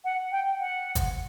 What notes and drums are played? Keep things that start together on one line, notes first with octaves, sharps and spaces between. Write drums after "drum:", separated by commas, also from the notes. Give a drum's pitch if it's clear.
F#5
G5
F#5
drum: kick, hi-hat